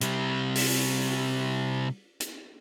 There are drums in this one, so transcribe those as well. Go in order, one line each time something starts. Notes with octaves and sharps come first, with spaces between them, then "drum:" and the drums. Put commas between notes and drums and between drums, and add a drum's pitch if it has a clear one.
C3 G3, drum: hi-hat
drum: open hi-hat
drum: hi-hat